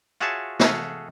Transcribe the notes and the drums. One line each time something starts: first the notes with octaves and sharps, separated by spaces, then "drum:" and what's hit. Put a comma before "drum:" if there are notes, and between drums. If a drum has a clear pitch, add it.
F4 F#4 G#4 C#5 E5 A5
F#4 G#4 A4 E5 F5, drum: snare